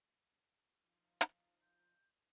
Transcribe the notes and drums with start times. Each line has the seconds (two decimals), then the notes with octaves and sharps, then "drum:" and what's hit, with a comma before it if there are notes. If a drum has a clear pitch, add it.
0.80 F3 D#4 F4
1.21 drum: hi-hat
1.62 G6